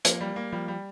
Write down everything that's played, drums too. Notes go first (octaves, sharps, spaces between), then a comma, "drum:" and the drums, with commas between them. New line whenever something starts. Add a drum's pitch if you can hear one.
F3 A#3, drum: hi-hat
G3
A#3
F3 G3
G3